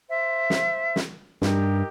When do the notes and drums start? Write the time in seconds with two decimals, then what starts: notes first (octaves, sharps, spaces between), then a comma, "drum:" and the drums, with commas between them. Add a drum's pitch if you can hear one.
0.09 C5 E5 F5
0.50 drum: snare
0.96 drum: snare
1.42 G2 D#4 G4 A#4, drum: snare